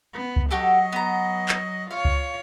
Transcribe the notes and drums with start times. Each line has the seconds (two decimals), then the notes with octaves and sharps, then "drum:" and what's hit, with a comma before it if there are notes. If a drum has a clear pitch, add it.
0.14 B3
0.36 drum: kick C#2
0.51 F#3 F#4 G4 A4 D#5
0.92 B3 A#5
1.49 drum: clap
1.91 F4 C#5 F5
2.05 drum: kick C#2